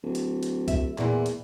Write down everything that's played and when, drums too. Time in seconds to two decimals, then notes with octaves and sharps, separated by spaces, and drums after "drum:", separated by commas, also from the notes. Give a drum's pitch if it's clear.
0.03 D1
0.15 drum: hi-hat
0.43 drum: hi-hat
0.68 E5, drum: kick C2, hi-hat
0.98 E2 A#2 E3, drum: clap
1.26 drum: hi-hat